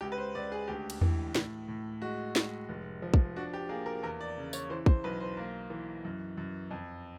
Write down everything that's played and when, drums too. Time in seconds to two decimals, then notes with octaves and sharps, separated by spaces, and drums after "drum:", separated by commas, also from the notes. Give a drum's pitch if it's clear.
0.01 C#2 G4
0.12 B4
0.18 C5
0.35 C#2 D5
0.52 G#4
0.68 D2 G4
0.90 drum: cymbal
1.01 E3, drum: tom E2
1.35 A2, drum: snare
1.68 A2
2.02 G#3 F#4
2.36 G#3, drum: snare
2.69 F1
3.02 F3
3.14 drum: kick
3.36 D4 F#4
3.54 G4
3.69 A#3 G#4
3.86 A#4
4.03 E2 A#4
4.21 D5
4.37 C#3
4.53 C#5, drum: tambourine
4.70 E3 C5
4.86 C5, drum: kick
5.04 B1 B4
5.20 C5
5.37 A#3
5.70 E3
6.05 F#2
6.37 F#2
6.71 F2